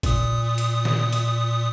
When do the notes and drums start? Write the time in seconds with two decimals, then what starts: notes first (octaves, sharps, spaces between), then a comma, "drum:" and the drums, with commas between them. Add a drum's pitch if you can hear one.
0.03 A#2 D#6, drum: kick, hi-hat
0.58 drum: hi-hat
0.85 drum: snare
1.13 drum: hi-hat